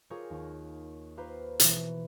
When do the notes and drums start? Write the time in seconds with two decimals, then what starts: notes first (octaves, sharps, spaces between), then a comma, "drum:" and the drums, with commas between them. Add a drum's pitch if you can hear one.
0.10 F4 G4 G#4 A#4 C#5
0.30 D#2
1.17 F4 G4 B4 C5 A#5
1.60 B2 E3, drum: hi-hat